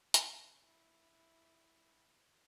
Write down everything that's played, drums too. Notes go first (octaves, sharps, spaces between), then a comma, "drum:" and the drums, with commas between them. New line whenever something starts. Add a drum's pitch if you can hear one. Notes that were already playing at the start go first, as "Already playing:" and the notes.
C#4, drum: hi-hat
E4